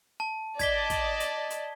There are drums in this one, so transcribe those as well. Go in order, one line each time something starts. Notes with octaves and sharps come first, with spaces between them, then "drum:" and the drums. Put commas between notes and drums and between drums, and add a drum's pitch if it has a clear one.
A5
D5 D#5 A5 G#6 B6 G7, drum: kick, hi-hat
drum: kick, hi-hat
drum: hi-hat
drum: hi-hat